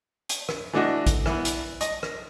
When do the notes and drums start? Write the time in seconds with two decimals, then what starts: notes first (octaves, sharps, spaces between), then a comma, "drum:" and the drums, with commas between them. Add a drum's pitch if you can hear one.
0.29 drum: hi-hat
0.49 drum: rim click
0.73 E3 A3 D4 F#4 D#5
1.07 drum: kick A1, hi-hat
1.26 E3 B3, drum: rim click
1.45 drum: hi-hat
1.81 D#5, drum: hi-hat
2.03 drum: rim click